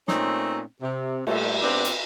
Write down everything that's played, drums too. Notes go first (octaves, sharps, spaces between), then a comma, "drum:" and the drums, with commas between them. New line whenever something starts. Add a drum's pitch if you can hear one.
A#2 A3 C4 C#4 D#4, drum: snare
C3
A#2 G3 A3, drum: cymbal
G#2 B3 C4 D4 G4
drum: hi-hat